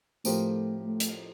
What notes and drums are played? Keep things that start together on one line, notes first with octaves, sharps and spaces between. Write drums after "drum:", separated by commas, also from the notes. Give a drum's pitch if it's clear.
A2 F3 A3 C4 G4 A#4, drum: tambourine
A3
drum: hi-hat